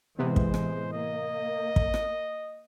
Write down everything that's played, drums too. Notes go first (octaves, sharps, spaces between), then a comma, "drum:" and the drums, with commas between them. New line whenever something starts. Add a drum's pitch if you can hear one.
A2 C3 E3 G#3 B3 C5
drum: kick
drum: rim click
A#3 D#5
drum: kick
drum: rim click